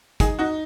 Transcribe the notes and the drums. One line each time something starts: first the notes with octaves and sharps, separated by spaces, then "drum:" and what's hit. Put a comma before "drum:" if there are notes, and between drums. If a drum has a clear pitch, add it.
D#4 G#4, drum: kick, hi-hat
D#4 F#4